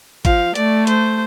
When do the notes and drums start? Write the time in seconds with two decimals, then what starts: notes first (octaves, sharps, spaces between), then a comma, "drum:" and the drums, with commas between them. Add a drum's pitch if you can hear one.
0.25 F3 F5, drum: kick, hi-hat
0.55 A3 D5, drum: hi-hat
0.87 C5, drum: hi-hat